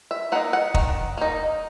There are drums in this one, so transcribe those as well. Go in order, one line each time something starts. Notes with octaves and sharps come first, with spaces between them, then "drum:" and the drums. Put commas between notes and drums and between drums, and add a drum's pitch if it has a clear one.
E5
A#3 D#4 F#5
F#5
D#3, drum: kick
A#3 D#4